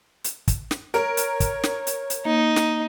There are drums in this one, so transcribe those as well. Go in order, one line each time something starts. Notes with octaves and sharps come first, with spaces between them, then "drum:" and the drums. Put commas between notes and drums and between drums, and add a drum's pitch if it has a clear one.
drum: hi-hat
drum: kick, hi-hat
drum: snare
A#4 C#5
drum: hi-hat
drum: kick, hi-hat
drum: snare
drum: hi-hat
drum: hi-hat
A#3 D#4
drum: snare